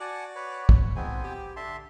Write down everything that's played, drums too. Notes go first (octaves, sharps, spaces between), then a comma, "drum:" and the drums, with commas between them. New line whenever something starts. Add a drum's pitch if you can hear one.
F#4 D5 F#5 G#5 A5
B4 C#5
drum: kick
G#2 F3 G#3 B3 C4 G#5
G4
D3 E5 A5 C6